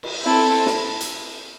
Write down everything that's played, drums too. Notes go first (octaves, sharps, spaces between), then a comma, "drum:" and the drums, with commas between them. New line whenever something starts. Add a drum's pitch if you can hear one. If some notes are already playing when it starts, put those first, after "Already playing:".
drum: cymbal
C4 E4 A4
drum: snare
drum: hi-hat